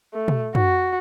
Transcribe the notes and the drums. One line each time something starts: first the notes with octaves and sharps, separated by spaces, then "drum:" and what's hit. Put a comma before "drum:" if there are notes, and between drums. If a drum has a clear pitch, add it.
A3
drum: tom
F#4, drum: tom